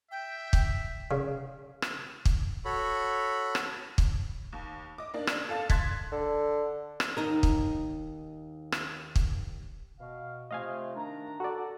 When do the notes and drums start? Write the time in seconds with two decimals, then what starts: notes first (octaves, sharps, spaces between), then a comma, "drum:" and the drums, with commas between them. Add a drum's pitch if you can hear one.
0.11 E5 G5
0.53 drum: kick
1.11 C#3
1.82 drum: rim click
2.25 drum: kick
2.65 F#4 A4 C#5 B5
3.55 drum: rim click
3.98 drum: kick
4.53 D#2
4.98 D#5 D6
5.14 A#3 D4
5.27 drum: rim click
5.49 A4 F5 A5 A6
5.70 C6 F#6 G#6 A6 B6, drum: kick
6.12 D3
7.00 drum: rim click
7.17 D#2 D#4 A#4
7.43 drum: kick
8.72 drum: rim click
9.16 drum: kick
10.00 B2 F5
10.51 C3 A3 F4 D#5 F5 G#5
10.96 D#3 D4 A#5
11.40 F#4 A4 D5 F#5